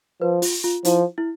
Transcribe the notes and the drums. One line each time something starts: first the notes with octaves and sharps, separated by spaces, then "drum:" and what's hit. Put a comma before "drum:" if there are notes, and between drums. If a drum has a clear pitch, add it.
F3 B4
F4, drum: open hi-hat
F4
F3 E4, drum: hi-hat
E4